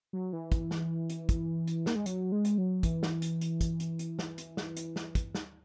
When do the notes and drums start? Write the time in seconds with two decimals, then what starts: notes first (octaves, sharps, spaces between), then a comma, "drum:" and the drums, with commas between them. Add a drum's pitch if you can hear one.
0.13 F#3
0.33 E3
0.52 drum: kick, hi-hat
0.71 drum: snare
1.10 drum: hi-hat
1.29 drum: kick, hi-hat
1.67 drum: hi-hat
1.86 A#3, drum: snare
1.95 G#3
2.06 F#3, drum: hi-hat
2.32 G#3
2.45 drum: hi-hat
2.58 F#3
2.83 E3, drum: kick, hi-hat
3.03 drum: snare
3.22 drum: hi-hat
3.41 drum: hi-hat
3.61 drum: kick, hi-hat
3.80 drum: hi-hat
3.99 drum: hi-hat
4.19 drum: snare
4.38 drum: hi-hat
4.57 drum: snare
4.77 drum: hi-hat
4.96 drum: snare
5.15 drum: kick, hi-hat
5.35 drum: snare